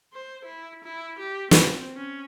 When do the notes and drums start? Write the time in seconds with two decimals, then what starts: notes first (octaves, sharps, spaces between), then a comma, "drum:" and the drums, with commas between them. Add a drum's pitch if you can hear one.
0.13 C5
0.44 E4
0.84 E4
1.19 G4
1.51 C4, drum: snare
1.96 C#4